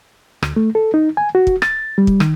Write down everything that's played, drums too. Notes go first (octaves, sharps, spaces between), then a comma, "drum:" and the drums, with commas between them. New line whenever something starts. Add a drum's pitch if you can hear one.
D2, drum: rim click
A3
A4
D#4
G#5
F#4
drum: kick
A6, drum: rim click
G3
drum: kick
D#3, drum: rim click